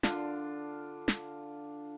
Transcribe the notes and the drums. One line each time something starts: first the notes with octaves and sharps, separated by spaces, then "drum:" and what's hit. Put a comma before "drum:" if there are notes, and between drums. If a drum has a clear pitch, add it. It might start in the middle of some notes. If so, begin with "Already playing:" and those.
D3 D4 F4, drum: snare
drum: snare